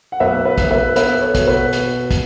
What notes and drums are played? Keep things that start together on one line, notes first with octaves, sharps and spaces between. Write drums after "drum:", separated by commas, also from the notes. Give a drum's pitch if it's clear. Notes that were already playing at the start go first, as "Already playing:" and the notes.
F#5
B1 B4 E5
B4 E5
B1, drum: kick, hi-hat
B4 E5
B3 B4 E5, drum: hi-hat
A4 C#5
B2, drum: kick, hi-hat
F#4 B4
B2, drum: hi-hat
drum: kick, hi-hat